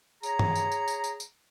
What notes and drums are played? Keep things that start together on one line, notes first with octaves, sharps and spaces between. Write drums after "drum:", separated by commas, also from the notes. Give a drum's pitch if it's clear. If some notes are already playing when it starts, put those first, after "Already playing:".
G#4 C#5 A#5, drum: tambourine
drum: tom
drum: tambourine
drum: tambourine
drum: tambourine
drum: tambourine
drum: tambourine